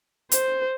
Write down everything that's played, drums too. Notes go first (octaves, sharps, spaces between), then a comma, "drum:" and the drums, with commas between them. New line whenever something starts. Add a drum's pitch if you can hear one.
C5, drum: hi-hat